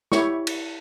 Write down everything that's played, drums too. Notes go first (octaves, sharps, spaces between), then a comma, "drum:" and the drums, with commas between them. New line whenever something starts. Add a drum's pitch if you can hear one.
E4 G4 C#5 C#6, drum: snare
drum: cymbal